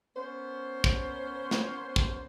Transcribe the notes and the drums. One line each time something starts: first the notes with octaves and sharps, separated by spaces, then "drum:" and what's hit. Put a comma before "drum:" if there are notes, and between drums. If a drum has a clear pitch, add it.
B3 C#4 A#4 C5
drum: kick
drum: snare
drum: kick